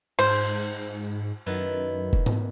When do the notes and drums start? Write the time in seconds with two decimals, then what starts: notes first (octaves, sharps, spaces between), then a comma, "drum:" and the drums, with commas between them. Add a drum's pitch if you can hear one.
0.19 G#2 C5, drum: cymbal
1.46 F#2 D#3 B3 E4
2.13 drum: kick F1
2.26 drum: tom G#2